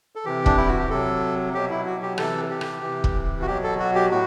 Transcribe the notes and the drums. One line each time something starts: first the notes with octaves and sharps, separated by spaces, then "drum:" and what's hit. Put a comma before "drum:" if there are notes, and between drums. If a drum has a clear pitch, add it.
A4
C3 E3 G4
D4, drum: kick
E4
F#4
G4
C3 F#3 A4
B2 F#3 G4
E4
F#4
G4
C3 E3 A4, drum: rim click
G4
drum: rim click
C3 E3
drum: kick
F#4
B2 F#3 G4
A4
F#4
G4
A2 F#4